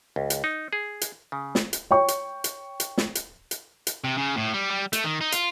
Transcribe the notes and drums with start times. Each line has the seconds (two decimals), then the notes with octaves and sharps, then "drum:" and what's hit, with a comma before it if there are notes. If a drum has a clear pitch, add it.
0.16 C#2
0.30 drum: hi-hat
0.44 D#4
0.73 G#4
1.01 drum: hi-hat
1.32 C#3
1.55 drum: snare
1.73 drum: hi-hat
1.91 C#5 G5 C#6
2.08 drum: hi-hat
2.44 drum: hi-hat
2.80 drum: hi-hat
2.98 drum: snare
3.15 drum: hi-hat
3.51 drum: hi-hat
3.87 drum: hi-hat
4.04 C3
4.17 C#3
4.37 A2
4.54 G3
4.71 G3
4.93 A3, drum: hi-hat
5.04 D#3
5.21 D#4
5.32 F4, drum: hi-hat